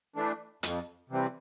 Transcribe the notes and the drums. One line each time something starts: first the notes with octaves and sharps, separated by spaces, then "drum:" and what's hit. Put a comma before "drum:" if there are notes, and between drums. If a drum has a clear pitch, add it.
E3 A3 D4
F2, drum: hi-hat
C3 E3 G3 C4